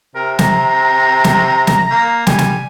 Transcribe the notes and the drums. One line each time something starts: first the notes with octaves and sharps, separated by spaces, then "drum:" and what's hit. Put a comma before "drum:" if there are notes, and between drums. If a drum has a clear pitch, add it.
C3 A#4
A#5, drum: snare
drum: snare
drum: snare
A#3
G3 G#5, drum: snare
drum: snare